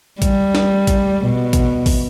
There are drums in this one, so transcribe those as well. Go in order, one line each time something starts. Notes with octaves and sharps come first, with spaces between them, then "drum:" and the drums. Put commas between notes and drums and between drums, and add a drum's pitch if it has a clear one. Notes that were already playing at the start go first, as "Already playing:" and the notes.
G3, drum: kick A1, hi-hat
drum: snare
drum: kick A1, hi-hat
B2
drum: kick A1, hi-hat
drum: kick A1, open hi-hat